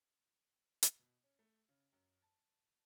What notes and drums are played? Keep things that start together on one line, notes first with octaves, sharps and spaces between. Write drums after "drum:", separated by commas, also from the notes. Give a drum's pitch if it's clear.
drum: hi-hat
B2
C#4
A3
C#3
F#2
A5